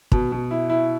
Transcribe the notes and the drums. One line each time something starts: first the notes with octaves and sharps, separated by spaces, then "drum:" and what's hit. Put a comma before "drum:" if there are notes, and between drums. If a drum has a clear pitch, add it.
B2, drum: kick
B2
E4
E4